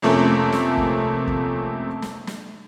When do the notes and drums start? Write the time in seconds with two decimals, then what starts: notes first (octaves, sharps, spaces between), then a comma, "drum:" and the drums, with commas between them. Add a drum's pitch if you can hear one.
0.02 F2 C3 A3 A#3 C#4
0.52 drum: snare
0.77 drum: kick
1.27 drum: kick
2.02 drum: snare
2.27 drum: snare